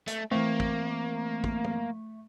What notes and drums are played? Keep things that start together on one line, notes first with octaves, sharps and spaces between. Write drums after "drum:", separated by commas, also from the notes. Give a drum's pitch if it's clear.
A3, drum: hi-hat
E3 A3 A#3 C4
drum: kick
drum: kick
drum: tom